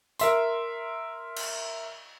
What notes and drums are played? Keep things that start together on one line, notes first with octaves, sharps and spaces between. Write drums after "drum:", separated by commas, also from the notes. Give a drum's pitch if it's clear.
A#4 E5 C6, drum: hi-hat
drum: cymbal